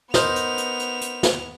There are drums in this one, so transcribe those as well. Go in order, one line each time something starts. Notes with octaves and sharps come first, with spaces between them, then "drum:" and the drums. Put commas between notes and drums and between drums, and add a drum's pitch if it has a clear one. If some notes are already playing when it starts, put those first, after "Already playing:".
B3 D#4 A#4 C5 F7, drum: snare
drum: hi-hat
drum: hi-hat
drum: hi-hat
drum: hi-hat
drum: snare